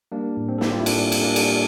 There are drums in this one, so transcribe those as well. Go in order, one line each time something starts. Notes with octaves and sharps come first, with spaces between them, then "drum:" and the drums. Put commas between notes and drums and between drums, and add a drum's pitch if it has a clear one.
G3 A#3 D4
A2
C4
A4
G3 G4, drum: snare
F4
E4
A2 A#3 D4, drum: cymbal
G3, drum: cymbal
A#3 D4
G3, drum: cymbal